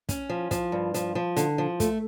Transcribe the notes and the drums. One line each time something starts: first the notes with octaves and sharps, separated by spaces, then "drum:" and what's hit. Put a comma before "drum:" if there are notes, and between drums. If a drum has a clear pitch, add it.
C#4, drum: kick, hi-hat
F3
F3, drum: kick, hi-hat
G2
F3, drum: hi-hat
F3
D3, drum: hi-hat
F3
A3, drum: kick, hi-hat